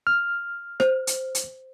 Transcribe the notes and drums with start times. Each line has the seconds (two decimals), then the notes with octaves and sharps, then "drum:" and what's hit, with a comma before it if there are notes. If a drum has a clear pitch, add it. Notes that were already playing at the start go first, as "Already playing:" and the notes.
0.07 F6
0.80 C5, drum: rim click
1.07 drum: hi-hat
1.35 drum: hi-hat